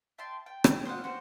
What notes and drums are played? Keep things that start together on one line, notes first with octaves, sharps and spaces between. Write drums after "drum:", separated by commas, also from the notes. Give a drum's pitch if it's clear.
E5 G5 A5 C6
G5
drum: rim click
C5 D#5 F5 F#5
F#4 G4 C5